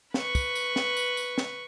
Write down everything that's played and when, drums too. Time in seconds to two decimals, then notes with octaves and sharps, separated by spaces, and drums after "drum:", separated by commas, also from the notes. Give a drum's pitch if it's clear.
0.14 B4 C#6, drum: snare
0.35 drum: kick, tambourine
0.55 drum: tambourine
0.76 drum: snare
0.97 drum: tambourine
1.17 drum: tambourine
1.38 drum: snare